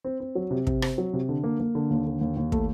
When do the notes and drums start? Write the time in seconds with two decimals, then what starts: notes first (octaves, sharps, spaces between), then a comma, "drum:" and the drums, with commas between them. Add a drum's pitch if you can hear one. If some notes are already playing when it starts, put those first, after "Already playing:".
0.04 C4
0.20 C4
0.35 F#3
0.51 C3
0.67 C3, drum: kick
0.82 C4, drum: rim click
0.98 F#3
1.13 C3
1.29 D3
1.44 A#3
1.60 A#3
1.75 D3
1.90 D#2
2.06 D3
2.21 D#2
2.37 D#2
2.52 A3, drum: kick